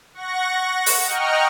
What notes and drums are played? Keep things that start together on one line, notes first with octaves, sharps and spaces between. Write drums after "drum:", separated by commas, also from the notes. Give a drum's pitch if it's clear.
F#5 C#6 A#6
drum: open hi-hat
D#5 F#5 G5 A#5 C#6 F6